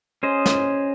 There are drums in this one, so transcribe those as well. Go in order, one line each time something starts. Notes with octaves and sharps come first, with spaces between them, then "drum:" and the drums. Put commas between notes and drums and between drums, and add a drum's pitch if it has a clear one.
C#4 G#4 C5 D#5
drum: snare